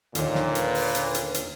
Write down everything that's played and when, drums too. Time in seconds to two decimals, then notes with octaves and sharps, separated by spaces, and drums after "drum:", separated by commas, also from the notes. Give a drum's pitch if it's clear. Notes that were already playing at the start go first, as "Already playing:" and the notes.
0.15 D#2 A#2 D3 D#3, drum: hi-hat
0.35 drum: snare
0.55 B4, drum: hi-hat
0.75 drum: open hi-hat
0.95 drum: hi-hat
1.15 drum: hi-hat
1.34 drum: hi-hat